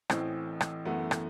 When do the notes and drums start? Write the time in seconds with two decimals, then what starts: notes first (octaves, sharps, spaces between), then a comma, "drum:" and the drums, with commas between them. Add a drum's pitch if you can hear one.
0.10 A1 A2 E3 C4, drum: rim click
0.61 drum: rim click
0.85 F#2 E3 A3 B3
1.11 drum: rim click